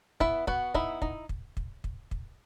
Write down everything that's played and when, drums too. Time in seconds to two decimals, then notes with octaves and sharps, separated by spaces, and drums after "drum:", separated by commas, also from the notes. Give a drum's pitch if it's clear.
0.20 B3 E4 E5, drum: kick
0.47 B3 F#4 F#5, drum: kick
0.74 D#4 E4 E5, drum: kick
1.02 D#4, drum: kick
1.29 drum: kick
1.57 drum: kick
1.84 drum: kick
2.11 drum: kick